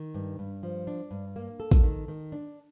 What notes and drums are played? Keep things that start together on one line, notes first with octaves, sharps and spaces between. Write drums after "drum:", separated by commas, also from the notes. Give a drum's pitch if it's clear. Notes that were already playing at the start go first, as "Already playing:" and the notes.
Already playing: D#3
G2
G2
F3
D4
G2
A#3
A4
drum: kick
D#3
D#3
D4